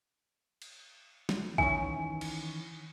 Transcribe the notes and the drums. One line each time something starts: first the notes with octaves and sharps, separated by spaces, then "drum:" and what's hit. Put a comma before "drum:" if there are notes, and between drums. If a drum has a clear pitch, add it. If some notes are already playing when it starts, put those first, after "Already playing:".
drum: cymbal
drum: snare
D#3 E3 C#4 G#5, drum: kick
drum: cymbal